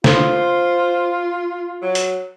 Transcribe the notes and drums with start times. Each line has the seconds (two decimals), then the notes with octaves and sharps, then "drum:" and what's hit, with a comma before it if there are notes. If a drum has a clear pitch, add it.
0.04 F4 C5, drum: snare
1.82 F#3
1.95 drum: hi-hat